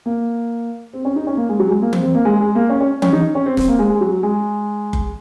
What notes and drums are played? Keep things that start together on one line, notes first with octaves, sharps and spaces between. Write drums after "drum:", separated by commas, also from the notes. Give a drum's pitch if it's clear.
A#3
C4
C#4
D#4
C#4
A#3
G#3
F#3
G#3
A#3
C4, drum: tom E3
C4
A#3
G#3
G#3
A#3
C#4
C#4
C#4, drum: tom E3
D#4
C#4
C4
C4, drum: snare
A#3
G#3
G#3
F#3
G#3
drum: kick F#1